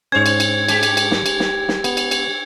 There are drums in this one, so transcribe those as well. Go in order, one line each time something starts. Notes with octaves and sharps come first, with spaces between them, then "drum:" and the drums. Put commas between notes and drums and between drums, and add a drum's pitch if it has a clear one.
G#2 C#4 C5 C#5 G#6
drum: cymbal
drum: cymbal
G#3 G4, drum: cymbal
drum: cymbal
drum: cymbal
drum: snare
drum: cymbal
drum: snare
drum: snare
B3, drum: cymbal
drum: cymbal
drum: cymbal